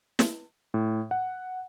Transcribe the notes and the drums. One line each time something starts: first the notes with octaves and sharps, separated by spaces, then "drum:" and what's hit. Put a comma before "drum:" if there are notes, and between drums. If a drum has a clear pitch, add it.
drum: snare
A2
F#5